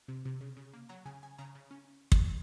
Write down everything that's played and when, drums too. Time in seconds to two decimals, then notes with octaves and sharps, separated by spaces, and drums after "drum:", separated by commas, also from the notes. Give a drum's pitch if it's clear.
0.08 C3
0.25 C3
0.41 C#3
0.57 C#3
0.73 A#3
0.89 F#3 A#5
1.06 C#3 G#5
1.23 C#3 G#5
1.38 C#3 A#5
1.55 C#3
1.71 C#4
2.12 drum: kick